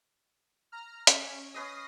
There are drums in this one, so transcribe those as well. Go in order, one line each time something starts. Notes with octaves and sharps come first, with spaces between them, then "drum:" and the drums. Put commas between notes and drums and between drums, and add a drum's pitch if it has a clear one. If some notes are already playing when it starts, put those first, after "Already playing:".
A#5 F6
C#4, drum: hi-hat
C#4 B4 D#5 D#6 A#6 C7